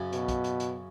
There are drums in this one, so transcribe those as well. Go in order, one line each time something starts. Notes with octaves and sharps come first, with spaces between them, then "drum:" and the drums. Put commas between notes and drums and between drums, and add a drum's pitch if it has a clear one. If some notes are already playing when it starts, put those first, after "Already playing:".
Already playing: F#2 C#3
B2, drum: hi-hat
drum: kick, hi-hat
drum: hi-hat
drum: hi-hat